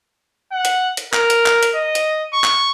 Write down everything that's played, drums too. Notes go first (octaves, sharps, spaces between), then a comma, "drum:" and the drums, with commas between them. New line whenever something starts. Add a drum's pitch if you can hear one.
F#5
drum: hi-hat
drum: hi-hat
A#4, drum: clap
drum: hi-hat
drum: clap
drum: hi-hat
D#5
drum: hi-hat
C#6
drum: clap